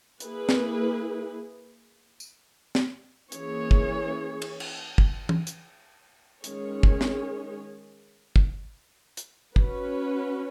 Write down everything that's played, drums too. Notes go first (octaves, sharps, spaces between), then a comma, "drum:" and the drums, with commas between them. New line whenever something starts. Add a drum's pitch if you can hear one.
A#3 E4 G#4 B4, drum: hi-hat
drum: snare
drum: tambourine
drum: snare
E3 A#3 C#4 G#4 C#5, drum: hi-hat
drum: kick
drum: cymbal
drum: cymbal
drum: kick
drum: tom
drum: hi-hat
D#3 G#3 C#4 G#4 C#5, drum: hi-hat
drum: kick
drum: snare
drum: kick
drum: hi-hat
C#4 F#4 B4, drum: kick